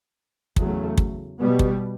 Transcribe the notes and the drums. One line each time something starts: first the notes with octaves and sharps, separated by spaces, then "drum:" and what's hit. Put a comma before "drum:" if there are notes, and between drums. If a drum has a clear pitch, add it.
E2 C#3 F#3 A3, drum: kick
drum: kick
B2 G3 B3
drum: kick